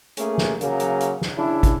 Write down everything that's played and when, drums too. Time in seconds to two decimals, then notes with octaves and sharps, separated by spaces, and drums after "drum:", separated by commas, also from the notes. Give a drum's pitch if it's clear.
0.17 A3 A#3 C#4 G#4, drum: hi-hat
0.38 drum: snare
0.61 C#3 F#3 A#3 A#4, drum: hi-hat
0.80 drum: hi-hat
1.01 drum: hi-hat
1.21 drum: snare
1.37 C#3 D4 E4
1.63 drum: kick, hi-hat